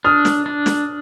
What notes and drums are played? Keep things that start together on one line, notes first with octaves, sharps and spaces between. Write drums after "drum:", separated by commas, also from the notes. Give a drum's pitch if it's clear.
D4 D#6 F6
drum: snare
D4
drum: snare